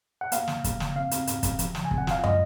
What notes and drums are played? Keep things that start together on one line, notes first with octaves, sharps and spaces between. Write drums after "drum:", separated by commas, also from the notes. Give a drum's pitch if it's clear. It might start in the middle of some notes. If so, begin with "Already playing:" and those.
F#5
A#3 F5, drum: hi-hat
A#3, drum: snare
F3, drum: kick, hi-hat
C#3, drum: snare
C4 F5
C4, drum: hi-hat
G#2, drum: hi-hat
G#2, drum: kick, hi-hat
F3, drum: hi-hat
C#3, drum: snare
G#5
C4, drum: kick
F#5
F4 F5, drum: snare
G#3 D#5, drum: tom